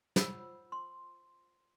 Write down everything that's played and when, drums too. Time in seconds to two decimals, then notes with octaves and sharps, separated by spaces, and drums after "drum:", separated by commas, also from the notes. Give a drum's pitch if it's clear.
0.16 F4 C5 F#5 B5 E6, drum: snare
0.72 C6